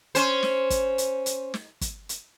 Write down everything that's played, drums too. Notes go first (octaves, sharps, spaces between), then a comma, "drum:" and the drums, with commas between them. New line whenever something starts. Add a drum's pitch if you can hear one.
C#4 C5, drum: hi-hat
drum: snare
drum: kick, hi-hat
drum: hi-hat
drum: hi-hat
drum: snare
drum: kick, hi-hat
drum: hi-hat